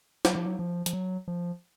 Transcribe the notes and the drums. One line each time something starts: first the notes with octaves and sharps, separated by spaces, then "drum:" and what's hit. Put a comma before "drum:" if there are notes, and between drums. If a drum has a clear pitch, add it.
F#3, drum: snare
F3
F#3
F3
F3, drum: hi-hat
F#3
F3